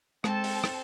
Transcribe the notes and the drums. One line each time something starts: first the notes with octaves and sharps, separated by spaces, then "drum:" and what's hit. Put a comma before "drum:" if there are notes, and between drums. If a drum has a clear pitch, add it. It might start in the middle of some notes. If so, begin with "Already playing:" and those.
G#3 C4 A4 A5, drum: rim click
drum: open hi-hat
drum: rim click